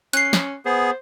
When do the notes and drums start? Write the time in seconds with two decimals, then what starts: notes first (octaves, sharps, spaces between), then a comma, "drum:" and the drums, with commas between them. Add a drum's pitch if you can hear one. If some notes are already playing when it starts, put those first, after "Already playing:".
0.13 C#4 F#6 C7, drum: hi-hat
0.33 drum: snare
0.66 B3 G#4 C5